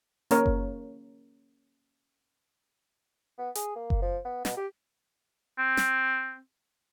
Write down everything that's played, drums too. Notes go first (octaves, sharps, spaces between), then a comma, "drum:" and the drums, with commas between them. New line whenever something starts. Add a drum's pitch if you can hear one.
A#3 C#4 A#4 C#5, drum: hi-hat
drum: kick F#1
B3
G#4, drum: hi-hat
A#3
drum: kick F#1
F3
B3
B2, drum: snare
G4
C4
drum: snare